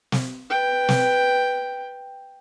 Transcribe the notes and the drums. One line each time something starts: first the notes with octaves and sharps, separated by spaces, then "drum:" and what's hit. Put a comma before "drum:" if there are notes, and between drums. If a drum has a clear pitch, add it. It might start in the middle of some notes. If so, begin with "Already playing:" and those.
drum: snare
B4 G5
drum: snare